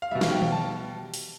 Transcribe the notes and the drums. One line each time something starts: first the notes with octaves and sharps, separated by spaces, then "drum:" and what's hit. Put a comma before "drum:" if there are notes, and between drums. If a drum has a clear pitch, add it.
F5
B2 G3 E5
F5, drum: snare
G5
G5, drum: tom D#3
A5
drum: open hi-hat